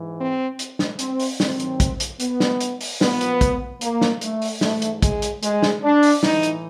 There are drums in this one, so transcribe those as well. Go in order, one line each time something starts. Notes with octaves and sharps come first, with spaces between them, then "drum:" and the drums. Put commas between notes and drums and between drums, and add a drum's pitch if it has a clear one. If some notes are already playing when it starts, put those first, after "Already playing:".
Already playing: G#2 E3
C4
drum: hi-hat
drum: snare
C4, drum: hi-hat
drum: open hi-hat
G2 D#3 F#3 C4, drum: snare
drum: hi-hat
drum: kick, hi-hat
drum: hi-hat
B3, drum: hi-hat
drum: snare
drum: hi-hat
drum: open hi-hat
A#2 F3 B3, drum: snare
drum: hi-hat
drum: kick, hi-hat
A#3, drum: hi-hat
drum: snare
A3, drum: hi-hat
drum: open hi-hat
G#2 E3 A3, drum: snare
drum: hi-hat
G#3, drum: kick, hi-hat
drum: hi-hat
G#3, drum: hi-hat
drum: snare
D4
drum: open hi-hat
A2 E3 D#4, drum: snare
drum: hi-hat